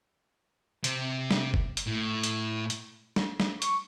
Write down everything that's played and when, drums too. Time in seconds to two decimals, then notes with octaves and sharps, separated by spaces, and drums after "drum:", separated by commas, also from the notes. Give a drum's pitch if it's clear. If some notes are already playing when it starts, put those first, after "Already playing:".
0.84 C3, drum: hi-hat
1.31 drum: snare
1.54 drum: kick F#1
1.77 drum: hi-hat
1.87 A2
2.23 drum: hi-hat
2.70 drum: hi-hat
3.16 drum: snare
3.40 drum: snare
3.62 C#6, drum: hi-hat